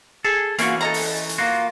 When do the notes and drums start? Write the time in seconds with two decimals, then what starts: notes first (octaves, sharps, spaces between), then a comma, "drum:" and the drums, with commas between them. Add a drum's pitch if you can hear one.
0.25 G#4 A4
0.59 E3 A#3 C#4 F4 F#4, drum: hi-hat
0.81 A4 D#5 A#5
0.94 drum: open hi-hat
1.29 drum: hi-hat
1.38 A#3 F4 F#4